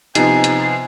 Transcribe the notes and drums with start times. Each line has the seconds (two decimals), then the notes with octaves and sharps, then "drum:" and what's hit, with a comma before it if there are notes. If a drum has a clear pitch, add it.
0.15 C3 F3 B3 D#4 G#5 C7, drum: hi-hat
0.44 drum: hi-hat